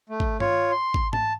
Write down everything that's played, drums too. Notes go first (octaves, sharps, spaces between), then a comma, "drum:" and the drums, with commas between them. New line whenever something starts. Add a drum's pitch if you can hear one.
A3
drum: kick G#1
F4 C#5, drum: tom G2
C6
drum: kick G#1
A5, drum: tom G#2